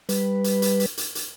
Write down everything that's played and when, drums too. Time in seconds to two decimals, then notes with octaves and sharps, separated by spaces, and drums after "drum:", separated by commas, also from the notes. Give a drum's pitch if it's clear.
0.09 G3 B4, drum: hi-hat
0.44 drum: hi-hat
0.62 drum: hi-hat
0.80 drum: hi-hat
0.97 drum: hi-hat
1.15 drum: hi-hat